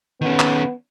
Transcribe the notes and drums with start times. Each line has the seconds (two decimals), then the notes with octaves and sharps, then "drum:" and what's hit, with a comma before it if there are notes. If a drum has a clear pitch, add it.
0.21 D#3 B3 C#4
0.40 drum: clap